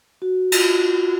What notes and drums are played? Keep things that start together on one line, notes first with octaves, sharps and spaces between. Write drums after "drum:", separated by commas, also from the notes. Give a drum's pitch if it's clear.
F#4
F4, drum: cymbal